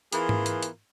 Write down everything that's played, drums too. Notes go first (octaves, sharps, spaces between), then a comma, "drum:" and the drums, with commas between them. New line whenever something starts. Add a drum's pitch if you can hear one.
E3 B3 F4 G#4 A#4, drum: hi-hat
drum: tom G#2
drum: hi-hat
drum: hi-hat